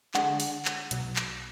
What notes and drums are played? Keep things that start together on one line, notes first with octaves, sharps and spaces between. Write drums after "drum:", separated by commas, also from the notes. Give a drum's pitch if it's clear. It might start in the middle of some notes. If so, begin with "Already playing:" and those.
D3 G#3 D4 G#4 F#5, drum: clap
drum: open hi-hat
drum: clap
B1 B2 F#3, drum: hi-hat
drum: clap